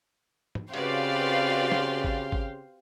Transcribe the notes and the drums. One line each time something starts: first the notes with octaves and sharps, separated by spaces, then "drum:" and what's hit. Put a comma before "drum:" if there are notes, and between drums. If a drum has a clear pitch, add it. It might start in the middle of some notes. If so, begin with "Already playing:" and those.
drum: tom G#2
C#3 C4 F#4 G4 B4 D5 F5 C6, drum: cymbal
drum: snare
drum: kick G#1
drum: kick G#1